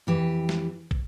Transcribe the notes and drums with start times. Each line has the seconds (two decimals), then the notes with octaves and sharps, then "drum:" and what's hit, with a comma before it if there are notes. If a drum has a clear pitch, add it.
0.07 F2 E3 G4
0.49 drum: snare
0.91 drum: kick